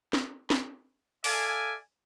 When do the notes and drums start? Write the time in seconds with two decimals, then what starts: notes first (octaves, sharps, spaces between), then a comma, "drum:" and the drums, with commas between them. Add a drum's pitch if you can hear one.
0.13 drum: snare
0.50 drum: snare
1.24 A4 D5 E5 F5 G#5, drum: open hi-hat